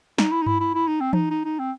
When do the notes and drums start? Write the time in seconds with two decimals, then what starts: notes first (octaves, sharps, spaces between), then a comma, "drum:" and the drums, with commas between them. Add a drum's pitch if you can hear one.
0.18 D#4, drum: snare
0.32 E4
0.42 D#4
0.46 E4, drum: tom G2
0.60 E4
0.74 E4
0.87 D#4
1.00 C4
1.13 D#4, drum: tom E3
1.30 D#4
1.45 D#4
1.59 C4